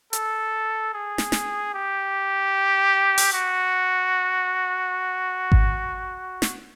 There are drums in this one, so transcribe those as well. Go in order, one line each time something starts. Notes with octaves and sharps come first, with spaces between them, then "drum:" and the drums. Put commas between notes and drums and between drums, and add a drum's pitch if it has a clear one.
A4, drum: hi-hat
G#4
drum: snare
drum: snare
G4
drum: open hi-hat
F#4
drum: kick G#1
drum: snare